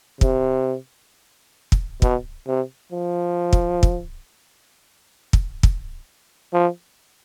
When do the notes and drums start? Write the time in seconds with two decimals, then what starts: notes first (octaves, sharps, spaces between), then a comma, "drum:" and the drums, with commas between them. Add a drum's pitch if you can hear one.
0.21 C3, drum: kick
1.72 drum: kick
2.02 B2, drum: kick
2.47 C3
2.92 F3
3.53 drum: kick
3.83 drum: kick
5.33 drum: kick
5.63 drum: kick
6.53 F3